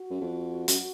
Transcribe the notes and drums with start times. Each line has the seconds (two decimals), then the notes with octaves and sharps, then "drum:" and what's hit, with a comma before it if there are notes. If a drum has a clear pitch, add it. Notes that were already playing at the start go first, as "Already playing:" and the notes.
Already playing: F#4
0.10 F#2
0.21 F2
0.68 F#2, drum: hi-hat